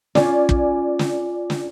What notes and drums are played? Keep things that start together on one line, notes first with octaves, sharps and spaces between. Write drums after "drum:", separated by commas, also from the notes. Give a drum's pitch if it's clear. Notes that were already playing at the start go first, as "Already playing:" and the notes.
C#4 F4 D5 G#5, drum: snare
drum: kick
drum: snare
drum: snare